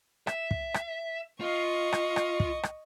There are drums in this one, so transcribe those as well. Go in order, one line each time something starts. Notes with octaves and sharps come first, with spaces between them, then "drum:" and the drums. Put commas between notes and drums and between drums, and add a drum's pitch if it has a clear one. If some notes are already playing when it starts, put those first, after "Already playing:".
E5, drum: rim click
drum: kick
drum: rim click
F4 D#5 C#6
drum: rim click
drum: rim click
drum: kick
drum: rim click